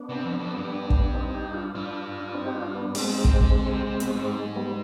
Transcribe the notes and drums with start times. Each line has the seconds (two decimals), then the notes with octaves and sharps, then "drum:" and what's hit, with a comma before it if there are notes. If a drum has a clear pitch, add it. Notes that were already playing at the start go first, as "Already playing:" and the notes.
Already playing: B3 D4
0.09 C3
0.24 F2
0.38 F2
0.54 G2
0.90 drum: kick
1.14 C4 D#4
1.34 D#4 G4
1.54 D4 F4
1.74 G2 D4 F4
2.25 D4
2.34 C4 D#4
2.45 G4
2.54 D4 F4
2.75 B3 D4
2.95 B2 G#3 C4, drum: open hi-hat
3.10 G#2
3.24 C3, drum: kick
3.41 D3, drum: kick
3.55 D3
3.66 B2
3.71 C3
3.85 C3
4.00 B2, drum: hi-hat
4.15 G#2 G#3 C4
4.35 G#3
4.49 G#3
4.56 G3 B3